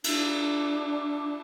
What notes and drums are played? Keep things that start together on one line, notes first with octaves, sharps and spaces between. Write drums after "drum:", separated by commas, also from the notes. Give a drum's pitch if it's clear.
D4, drum: cymbal